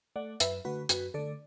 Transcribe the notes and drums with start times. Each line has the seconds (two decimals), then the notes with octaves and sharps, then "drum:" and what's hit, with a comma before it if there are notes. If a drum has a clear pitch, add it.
0.16 A3 D5 F#5
0.40 F#2 B4 E5, drum: hi-hat
0.65 D3 A3 F#4 B4
0.89 F#2 F#4 B4, drum: hi-hat
1.14 D3 A3 A4 D5